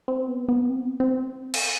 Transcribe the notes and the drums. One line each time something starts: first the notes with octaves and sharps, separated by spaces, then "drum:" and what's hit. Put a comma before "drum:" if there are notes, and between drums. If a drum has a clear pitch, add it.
C4
B3
B3
C4
C4
drum: cymbal